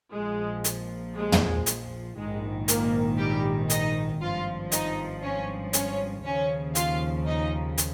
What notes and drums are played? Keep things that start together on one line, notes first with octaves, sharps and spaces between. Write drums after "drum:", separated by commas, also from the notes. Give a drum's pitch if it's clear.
A#1 A#2 F3 G#3
drum: hi-hat
G#3
drum: tom
drum: hi-hat
A#1 G#2 D#3 G#3
A#2 A#3, drum: hi-hat
G3 G4
D#4 D#5, drum: hi-hat
G#1 G2 F3 F4 F5
D#4 D#5, drum: hi-hat
C#4 C#5
C#4 C#5, drum: hi-hat
D#2 C#3 F3 C#4 C#5
F4 F5, drum: hi-hat
D#4 D#5
drum: hi-hat